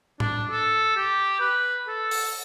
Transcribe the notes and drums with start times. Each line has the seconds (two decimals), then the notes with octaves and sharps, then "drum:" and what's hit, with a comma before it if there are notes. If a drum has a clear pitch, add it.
0.20 D4, drum: tom A2
0.50 A4
0.96 G4
1.40 B4
1.88 A4
2.11 drum: open hi-hat